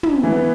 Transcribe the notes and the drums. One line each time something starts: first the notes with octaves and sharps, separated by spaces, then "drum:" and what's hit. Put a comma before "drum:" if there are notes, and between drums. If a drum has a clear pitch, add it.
drum: tom
E3
B3